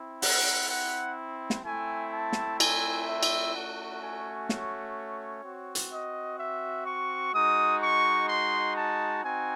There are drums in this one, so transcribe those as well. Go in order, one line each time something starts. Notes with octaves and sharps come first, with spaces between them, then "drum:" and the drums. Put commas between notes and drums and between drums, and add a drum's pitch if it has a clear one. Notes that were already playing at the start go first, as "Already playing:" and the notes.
Already playing: C4 E4
F#5, drum: open hi-hat
F#5
drum: snare
A3 C4 E4 G#5
A5
drum: snare
G#5, drum: cymbal
E5
drum: cymbal
A3 C#4 F#4 F#5
G#5
C#5, drum: snare
C4 F#4
drum: hi-hat
D#5
E5
C#6
G#3 D#4 F#4 D#6
C#6
C6
A5
C4 D#4 F#4 G#5